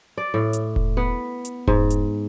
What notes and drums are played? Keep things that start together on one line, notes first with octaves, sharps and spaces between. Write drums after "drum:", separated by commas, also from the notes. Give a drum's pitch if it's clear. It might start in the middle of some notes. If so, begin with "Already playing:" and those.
D5
A2
drum: hi-hat
drum: kick E1
B3
drum: hi-hat
G#2, drum: kick E1
drum: hi-hat